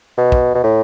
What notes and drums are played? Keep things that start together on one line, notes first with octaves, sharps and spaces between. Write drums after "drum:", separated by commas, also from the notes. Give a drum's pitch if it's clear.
B2
drum: kick
B2
A2